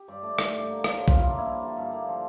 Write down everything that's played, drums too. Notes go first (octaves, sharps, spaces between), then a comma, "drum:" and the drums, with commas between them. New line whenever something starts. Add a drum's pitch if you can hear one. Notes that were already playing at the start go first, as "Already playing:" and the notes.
Already playing: G4
G2 D5
A3 D5
D3 D5, drum: rim click
G2
A#3
F3, drum: rim click
D3 C#5
F4, drum: kick A#1
G2 E4
A#3 D4
E4
F3
D3
G2
A#3
F3